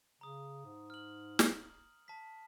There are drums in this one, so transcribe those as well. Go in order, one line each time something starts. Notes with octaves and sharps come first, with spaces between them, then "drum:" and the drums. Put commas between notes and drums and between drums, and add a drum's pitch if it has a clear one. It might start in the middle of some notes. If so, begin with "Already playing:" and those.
C#3 A#5 D#6
G#2
F6 F#7
drum: snare
A5 B6